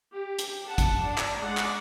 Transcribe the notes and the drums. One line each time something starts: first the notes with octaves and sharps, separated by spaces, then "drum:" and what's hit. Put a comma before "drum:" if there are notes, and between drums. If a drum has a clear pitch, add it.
G4
drum: hi-hat
F#5 A5
drum: kick, hi-hat
D4
drum: clap
G#3 D5 F#5
drum: clap